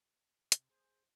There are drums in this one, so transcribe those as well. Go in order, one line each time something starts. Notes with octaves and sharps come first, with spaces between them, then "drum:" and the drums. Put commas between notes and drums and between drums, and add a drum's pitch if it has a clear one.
C3, drum: hi-hat
G#4 C5